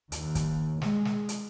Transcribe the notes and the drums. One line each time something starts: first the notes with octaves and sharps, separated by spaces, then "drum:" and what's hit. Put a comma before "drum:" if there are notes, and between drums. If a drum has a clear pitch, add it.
D#2, drum: hi-hat
drum: kick, hi-hat
G#3, drum: snare
drum: snare
drum: hi-hat